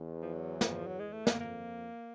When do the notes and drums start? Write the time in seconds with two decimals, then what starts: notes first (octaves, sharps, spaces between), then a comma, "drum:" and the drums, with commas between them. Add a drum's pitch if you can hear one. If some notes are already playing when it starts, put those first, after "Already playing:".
Already playing: E2
0.22 F3
0.34 F#3
0.61 F3, drum: snare
0.87 F#3
1.00 G#3
1.13 A3
1.27 A#3, drum: snare
1.40 F2 A#3